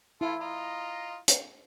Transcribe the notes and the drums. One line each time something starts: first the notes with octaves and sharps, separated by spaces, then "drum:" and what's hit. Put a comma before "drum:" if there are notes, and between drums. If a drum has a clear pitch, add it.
E4 F4 A4
F4 D#5 A#5
drum: hi-hat